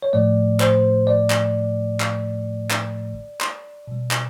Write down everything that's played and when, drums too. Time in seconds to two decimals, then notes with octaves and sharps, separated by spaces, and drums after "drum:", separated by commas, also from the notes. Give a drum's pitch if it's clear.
0.02 C#5
0.13 A2 F3 A3 D5
0.60 C5, drum: clap
1.07 D5
1.30 drum: clap
2.00 drum: clap
2.71 drum: clap
3.41 drum: clap
3.87 B2 G3
4.11 drum: clap